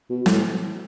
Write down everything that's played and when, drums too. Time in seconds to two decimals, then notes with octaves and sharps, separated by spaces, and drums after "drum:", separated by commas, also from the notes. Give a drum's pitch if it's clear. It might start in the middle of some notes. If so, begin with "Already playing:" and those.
0.10 B2
0.26 A2, drum: snare